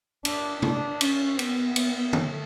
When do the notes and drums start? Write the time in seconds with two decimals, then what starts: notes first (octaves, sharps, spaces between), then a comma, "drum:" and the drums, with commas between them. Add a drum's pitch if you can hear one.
0.25 D4, drum: cymbal
0.62 D4, drum: tom
1.01 C#4, drum: cymbal
1.39 B3, drum: cymbal
1.76 drum: cymbal
2.13 A3, drum: tom